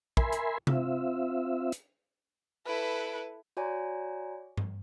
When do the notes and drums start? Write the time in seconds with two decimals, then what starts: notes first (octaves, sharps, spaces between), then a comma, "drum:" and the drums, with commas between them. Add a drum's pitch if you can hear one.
0.17 A#4 E5 G#5 B5 C6, drum: kick
0.33 drum: hi-hat
0.67 C4 F4 E5, drum: tom C3
1.72 drum: hi-hat
2.67 E4 A4 B4
3.57 F#4 C#5 D5 G#5 A#5
4.57 drum: tom G2